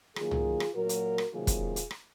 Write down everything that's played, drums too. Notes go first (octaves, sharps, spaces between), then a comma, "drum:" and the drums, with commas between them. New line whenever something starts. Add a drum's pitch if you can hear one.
D#3 F#3 A#3 F4 G#4, drum: rim click
drum: tom C2
drum: rim click
A#2 F#3 A#3 F#4 A#4
drum: hi-hat
drum: rim click
C3 D#3 F#3 A#3 F4 G#4
drum: kick, hi-hat
drum: hi-hat
drum: rim click